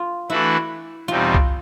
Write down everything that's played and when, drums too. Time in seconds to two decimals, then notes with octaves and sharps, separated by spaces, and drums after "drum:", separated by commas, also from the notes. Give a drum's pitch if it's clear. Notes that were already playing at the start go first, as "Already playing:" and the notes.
Already playing: F4
0.30 E3 A3 D4 E4 F#4 B4
1.08 E2 B2 G3 C4 D#4 F4
1.34 drum: kick C2